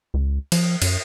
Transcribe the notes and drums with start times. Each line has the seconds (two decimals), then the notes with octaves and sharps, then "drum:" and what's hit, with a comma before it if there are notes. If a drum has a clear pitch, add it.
0.14 C#2
0.52 F3, drum: cymbal
0.82 F#2, drum: cymbal